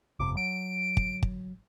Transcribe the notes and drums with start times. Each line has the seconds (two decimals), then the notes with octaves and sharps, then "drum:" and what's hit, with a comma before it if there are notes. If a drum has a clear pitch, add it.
0.19 G1 F2 C3 D6
0.37 F#3 D7
0.97 drum: kick
1.23 drum: kick